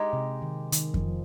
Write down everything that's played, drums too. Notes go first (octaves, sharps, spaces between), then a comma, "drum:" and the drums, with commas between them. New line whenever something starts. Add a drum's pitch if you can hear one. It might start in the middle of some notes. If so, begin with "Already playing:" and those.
Already playing: G#3 D#4 G4
C3
D#3
D#3, drum: hi-hat
F3, drum: kick F2